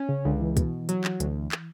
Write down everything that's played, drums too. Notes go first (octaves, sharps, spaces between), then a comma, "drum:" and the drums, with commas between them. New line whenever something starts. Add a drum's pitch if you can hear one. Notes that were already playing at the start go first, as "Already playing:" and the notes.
Already playing: C#4
C#3
C#2 D3
E3
B2, drum: kick, hi-hat
F#3, drum: hi-hat
drum: clap
D2, drum: hi-hat
drum: clap